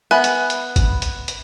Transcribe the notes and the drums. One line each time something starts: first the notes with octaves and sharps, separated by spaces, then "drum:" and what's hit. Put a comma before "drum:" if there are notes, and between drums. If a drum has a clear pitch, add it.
B3 E5 G#5 B5 F#6
drum: hi-hat
drum: hi-hat
drum: kick G#1, hi-hat
drum: hi-hat
drum: hi-hat